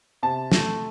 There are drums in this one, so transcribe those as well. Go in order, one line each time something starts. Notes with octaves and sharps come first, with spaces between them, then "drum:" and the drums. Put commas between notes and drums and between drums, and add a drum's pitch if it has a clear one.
C3 A5
A3, drum: snare